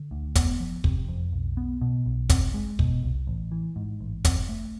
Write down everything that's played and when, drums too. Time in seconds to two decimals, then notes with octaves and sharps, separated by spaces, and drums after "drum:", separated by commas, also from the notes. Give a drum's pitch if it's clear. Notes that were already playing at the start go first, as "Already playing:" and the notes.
Already playing: D3
0.11 D2
0.35 B3, drum: kick, hi-hat
0.60 F3
0.84 C3, drum: kick
1.08 F2
1.33 B1
1.57 B3
1.81 B2
2.06 B1
2.29 C4, drum: kick, hi-hat
2.54 G#3
2.79 B2, drum: kick
3.03 C2
3.27 A1
3.52 E3
3.76 G#2
4.01 A1
4.25 C4, drum: kick, hi-hat
4.49 A3